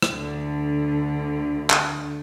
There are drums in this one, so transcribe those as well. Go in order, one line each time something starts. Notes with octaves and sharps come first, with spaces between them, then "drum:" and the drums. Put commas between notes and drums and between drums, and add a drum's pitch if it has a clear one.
drum: rim click
D2 D3
drum: clap